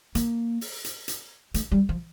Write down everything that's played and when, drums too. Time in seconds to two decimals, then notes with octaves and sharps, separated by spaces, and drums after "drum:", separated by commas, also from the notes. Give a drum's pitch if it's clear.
0.15 A#3, drum: hi-hat
0.61 drum: open hi-hat
0.84 drum: hi-hat
1.08 drum: hi-hat
1.54 A3, drum: hi-hat
1.71 G3
1.89 F3